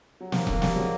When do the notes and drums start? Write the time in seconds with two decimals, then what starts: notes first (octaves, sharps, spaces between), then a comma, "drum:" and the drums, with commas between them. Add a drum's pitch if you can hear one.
0.21 F#3
0.32 D#3 F3 A#3, drum: snare
0.47 D3 E3, drum: kick E1
0.62 F3 G3, drum: snare
0.76 F#3 G#3